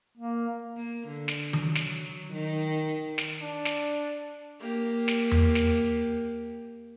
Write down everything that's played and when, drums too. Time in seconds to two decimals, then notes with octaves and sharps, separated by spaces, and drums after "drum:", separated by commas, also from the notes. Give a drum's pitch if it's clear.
0.18 A#3
0.77 A#3
1.08 D3
1.28 drum: snare
1.53 F#3, drum: tom D#3
1.75 drum: snare
2.32 D#3
3.18 drum: snare
3.42 D4
3.65 drum: snare
4.59 A#3 G4
5.08 drum: snare
5.31 drum: tom E2
5.55 drum: snare